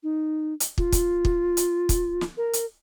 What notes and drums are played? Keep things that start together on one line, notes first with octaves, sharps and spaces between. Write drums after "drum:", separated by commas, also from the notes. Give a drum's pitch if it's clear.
D#4
drum: hi-hat
F4, drum: kick
drum: kick, hi-hat
drum: kick
drum: hi-hat
drum: kick, hi-hat
drum: snare
A#4
drum: hi-hat